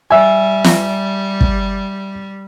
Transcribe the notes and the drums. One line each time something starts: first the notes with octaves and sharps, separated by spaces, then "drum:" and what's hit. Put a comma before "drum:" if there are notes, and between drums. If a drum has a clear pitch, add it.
G3 E5 G#5
drum: snare
drum: kick